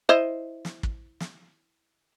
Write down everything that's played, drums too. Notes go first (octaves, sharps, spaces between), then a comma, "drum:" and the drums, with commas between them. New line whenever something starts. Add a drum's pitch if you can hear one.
E4 C5 D#5
drum: snare
drum: kick
drum: snare